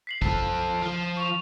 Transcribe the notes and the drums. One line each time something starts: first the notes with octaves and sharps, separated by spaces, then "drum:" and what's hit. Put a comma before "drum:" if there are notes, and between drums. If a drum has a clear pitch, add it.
B6 C7 F#7
F3 A4 B6, drum: kick
F3 F6 G7
C#6 F7